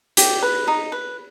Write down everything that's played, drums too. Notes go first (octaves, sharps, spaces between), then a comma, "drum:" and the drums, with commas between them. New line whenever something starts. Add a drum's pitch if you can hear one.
G4, drum: hi-hat
B4
D#4
B4